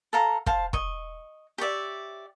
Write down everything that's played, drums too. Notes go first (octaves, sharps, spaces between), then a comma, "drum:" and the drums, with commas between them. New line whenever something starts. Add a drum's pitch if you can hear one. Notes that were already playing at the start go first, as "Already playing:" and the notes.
A4 F5 A#5
C5 F5 A5, drum: kick
D#5 C#6, drum: kick
G4 C#5 D5 E5